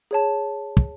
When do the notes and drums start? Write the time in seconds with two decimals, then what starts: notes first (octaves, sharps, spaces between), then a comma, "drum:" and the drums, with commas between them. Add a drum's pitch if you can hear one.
0.11 G#4 C#5 A5
0.77 drum: kick